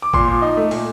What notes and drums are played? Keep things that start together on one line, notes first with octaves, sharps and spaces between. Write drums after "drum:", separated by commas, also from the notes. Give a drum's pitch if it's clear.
D6
A#2 C6, drum: kick G#1
F3
D#4
A3
A#2, drum: open hi-hat